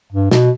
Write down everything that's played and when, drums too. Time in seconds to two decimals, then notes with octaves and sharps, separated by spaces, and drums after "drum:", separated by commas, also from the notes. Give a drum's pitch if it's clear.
0.13 G2
0.31 B2, drum: snare